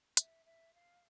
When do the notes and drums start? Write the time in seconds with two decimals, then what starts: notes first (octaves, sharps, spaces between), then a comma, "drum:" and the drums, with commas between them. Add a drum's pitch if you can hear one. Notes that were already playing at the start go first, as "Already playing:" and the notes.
0.17 E5, drum: hi-hat
0.45 E5
0.74 F5